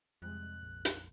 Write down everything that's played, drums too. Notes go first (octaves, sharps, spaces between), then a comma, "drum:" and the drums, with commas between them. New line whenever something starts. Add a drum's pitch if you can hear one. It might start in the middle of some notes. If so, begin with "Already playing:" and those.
F2 C3 G3 G#3 F#6
A#1
drum: hi-hat